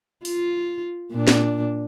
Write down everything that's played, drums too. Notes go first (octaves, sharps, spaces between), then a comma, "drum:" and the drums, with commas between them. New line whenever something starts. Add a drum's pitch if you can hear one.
F4, drum: open hi-hat
A#2 D4
drum: snare